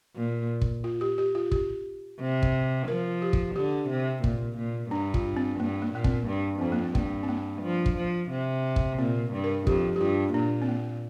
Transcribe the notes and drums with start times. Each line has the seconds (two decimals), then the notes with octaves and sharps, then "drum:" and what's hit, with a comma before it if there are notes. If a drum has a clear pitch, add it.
0.16 A#2
0.61 drum: kick
0.84 F4
1.01 G4
1.18 G4
1.35 F4
1.52 G4, drum: kick
2.20 C3
2.43 drum: kick
2.88 F3 A#4
3.22 G4
3.33 drum: kick
3.56 D3 G4
3.90 C3
4.24 A#2, drum: kick
4.58 A#2
4.91 G2 D4
5.14 F4, drum: kick
5.37 C4
5.60 G2 A#3
5.82 A#3
5.93 A#2 A#3
6.04 C4, drum: kick
6.27 G2
6.61 F2 C4
6.72 A#3
6.84 C4
6.95 G2 A#3, drum: kick
7.23 C4
7.29 A#3
7.63 F3
7.86 drum: kick
7.97 F3
8.31 C3
8.76 drum: kick
8.99 A#2 C4
9.32 G2
9.44 A#4
9.67 F2 G4, drum: kick
9.96 G4
10.01 G2 F4
10.34 A#2 D4
10.62 C4
10.69 A#3